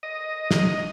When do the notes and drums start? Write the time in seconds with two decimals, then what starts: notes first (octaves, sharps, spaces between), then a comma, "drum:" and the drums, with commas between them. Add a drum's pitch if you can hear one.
0.03 D#5
0.51 drum: snare